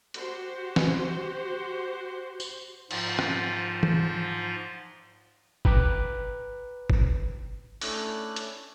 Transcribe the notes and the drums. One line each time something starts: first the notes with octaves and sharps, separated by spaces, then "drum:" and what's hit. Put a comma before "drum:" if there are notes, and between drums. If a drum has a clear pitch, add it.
F#4 G4 C5, drum: hi-hat
drum: snare
drum: tambourine
G#2 F3 F4, drum: cymbal
drum: rim click
drum: tom E3
B4 G5 A#5 B5 D6 F#6, drum: kick G1
drum: kick G1
A3 C#4 D4 E4 F#6, drum: open hi-hat
drum: hi-hat